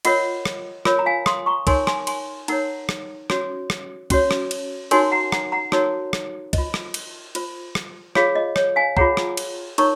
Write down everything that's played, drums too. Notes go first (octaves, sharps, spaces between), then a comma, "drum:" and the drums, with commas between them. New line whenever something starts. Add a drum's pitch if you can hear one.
F4 A#4 C#5 D#5 F#5, drum: cymbal
drum: rim click
F4 A#4 C#5, drum: rim click
A#5
F5 G#5
C6 D#6, drum: rim click
A#5 C#6
D#4 A#4 C#5 G#5 C6, drum: kick, cymbal
G#5 C6, drum: rim click
G#5 C6, drum: cymbal
D#4 A#4 C#5 F#5 A#5, drum: cymbal
drum: rim click
C#4 F#4 C#5, drum: rim click
drum: rim click
C#4 F#4 C#5, drum: kick, cymbal
drum: rim click
drum: cymbal
D#4 F#4 A#4 C#5 G#5 C6, drum: cymbal
F#5 A#5
F#5 A#5, drum: rim click
F#5 A#5
D#4 F#4 A#4 C#5, drum: rim click
drum: rim click
F4 C5 D#5, drum: kick, cymbal
drum: rim click
drum: cymbal
F4 C5, drum: cymbal
drum: rim click
F4 G#4 C#5 F5, drum: rim click
D#5
C#5, drum: rim click
F5 G#5
F4 G#4 C#5 F#5 A#5, drum: kick
drum: rim click
drum: cymbal
D#4 A#4 C#5 A#5 C#6, drum: cymbal